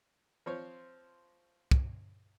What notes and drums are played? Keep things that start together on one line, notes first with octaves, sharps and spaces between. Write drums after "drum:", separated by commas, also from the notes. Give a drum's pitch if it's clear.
F3 C4 C5 C#5
drum: kick